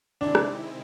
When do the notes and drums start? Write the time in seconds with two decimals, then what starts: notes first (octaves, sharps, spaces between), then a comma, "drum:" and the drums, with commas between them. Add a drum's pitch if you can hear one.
0.21 C3 D#3 G#3 C4 D4 E4
0.35 drum: rim click